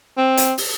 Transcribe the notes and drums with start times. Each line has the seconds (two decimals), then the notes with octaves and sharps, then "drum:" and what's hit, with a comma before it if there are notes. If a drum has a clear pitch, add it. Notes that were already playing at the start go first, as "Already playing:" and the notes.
0.17 C4
0.37 drum: hi-hat
0.58 drum: open hi-hat